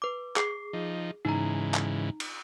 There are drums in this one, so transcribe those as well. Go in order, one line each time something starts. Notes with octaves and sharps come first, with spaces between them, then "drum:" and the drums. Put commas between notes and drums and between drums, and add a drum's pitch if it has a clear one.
B4 D6
G#4 D6 C7, drum: clap
F3 D#4
G#2 C#3 E3 D#4 A#5
drum: clap
drum: cymbal